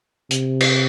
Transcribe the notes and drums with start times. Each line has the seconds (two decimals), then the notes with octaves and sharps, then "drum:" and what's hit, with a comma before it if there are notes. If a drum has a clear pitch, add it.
0.31 C3, drum: hi-hat
0.61 drum: cymbal